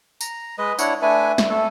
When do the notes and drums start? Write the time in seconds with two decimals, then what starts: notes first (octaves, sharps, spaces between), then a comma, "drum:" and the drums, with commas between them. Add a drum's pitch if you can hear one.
0.21 A#5, drum: tambourine
0.58 G#3 B4 D#5
0.79 D4 E4 C#5 F#5, drum: tambourine
1.02 A3 D4 B4 G#5
1.38 drum: snare
1.49 A3 A4